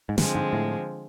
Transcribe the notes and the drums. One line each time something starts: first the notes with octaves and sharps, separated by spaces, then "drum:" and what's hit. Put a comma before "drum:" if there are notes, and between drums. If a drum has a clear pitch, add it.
G#2
G2 D3 F3 G#3 C4, drum: snare
G#2
A2